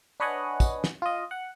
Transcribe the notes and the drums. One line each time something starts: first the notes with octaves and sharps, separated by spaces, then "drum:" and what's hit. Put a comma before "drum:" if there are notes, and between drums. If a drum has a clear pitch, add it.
D4 B4 C#5 D#5 F#5 G#5
drum: kick, tambourine
drum: snare
F4 D#5
F#5